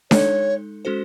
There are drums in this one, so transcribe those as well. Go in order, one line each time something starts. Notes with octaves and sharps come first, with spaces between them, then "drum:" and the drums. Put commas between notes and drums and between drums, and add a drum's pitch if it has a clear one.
G#3 D#4 A4 C#5, drum: snare D4
G#3 C#4 F#4 A4 C5